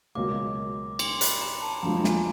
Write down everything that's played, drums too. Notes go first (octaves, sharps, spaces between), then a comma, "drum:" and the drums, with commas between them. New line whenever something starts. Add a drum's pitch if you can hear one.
C#2 B2 F#3 A#3 D6
C6, drum: cymbal
B5, drum: hi-hat
A#5
A5
F2 D3 F3 G#3 A#5
G#5, drum: snare